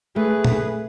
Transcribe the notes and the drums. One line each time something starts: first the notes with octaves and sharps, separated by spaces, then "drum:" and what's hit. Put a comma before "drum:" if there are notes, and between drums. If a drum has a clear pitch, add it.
A3 G#4 B4
drum: tom A#2